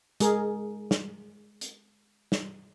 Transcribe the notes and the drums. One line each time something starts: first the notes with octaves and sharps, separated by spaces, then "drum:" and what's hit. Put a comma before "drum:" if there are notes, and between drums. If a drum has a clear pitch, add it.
G#3 G#4 A#4, drum: hi-hat
drum: snare
drum: hi-hat
drum: snare